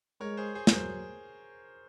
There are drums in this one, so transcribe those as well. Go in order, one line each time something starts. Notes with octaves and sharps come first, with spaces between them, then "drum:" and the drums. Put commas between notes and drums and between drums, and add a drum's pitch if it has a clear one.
G#3 A#4 C#5
G#4 C5
G#4 C5
A#4, drum: snare
F#3 G#4 C5